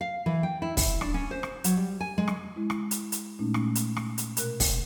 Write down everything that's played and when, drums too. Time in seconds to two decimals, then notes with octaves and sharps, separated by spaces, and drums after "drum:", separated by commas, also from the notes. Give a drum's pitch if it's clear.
0.01 F5
0.26 E3
0.43 G5
0.62 E4
0.77 E4, drum: kick, open hi-hat
1.01 D4, drum: rim click
1.14 C#4
1.31 C5
1.43 drum: rim click
1.64 F#3, drum: hi-hat
1.77 G3
2.01 G#5
2.18 G#3
2.28 drum: rim click
2.56 G#3 E4
2.70 drum: rim click
2.91 drum: hi-hat
3.12 drum: hi-hat
3.39 A#2 G#3 A3 C#4 D#4
3.54 drum: rim click
3.75 drum: hi-hat
3.97 drum: rim click
4.18 drum: hi-hat
4.37 B2 A#4 F#6, drum: hi-hat
4.60 drum: kick, open hi-hat